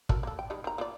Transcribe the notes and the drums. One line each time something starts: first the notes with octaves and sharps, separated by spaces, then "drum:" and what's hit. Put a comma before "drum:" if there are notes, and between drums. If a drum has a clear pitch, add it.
F#4 A4 A#4, drum: kick
A#3 A4
G5
D#3 G3 G#3
D#3 A#5
A#3 F4 D5